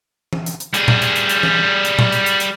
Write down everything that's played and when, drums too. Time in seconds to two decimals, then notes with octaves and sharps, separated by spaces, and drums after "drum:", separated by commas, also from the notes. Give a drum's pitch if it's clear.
0.33 drum: tom E3
0.46 drum: hi-hat
0.60 drum: hi-hat
0.74 G3 G#4, drum: hi-hat
0.88 drum: tom A#2
1.02 drum: hi-hat
1.16 drum: hi-hat
1.29 drum: hi-hat
1.43 drum: tom E3
1.85 drum: hi-hat
1.99 drum: tom A#2
2.12 drum: hi-hat
2.26 drum: hi-hat
2.40 drum: hi-hat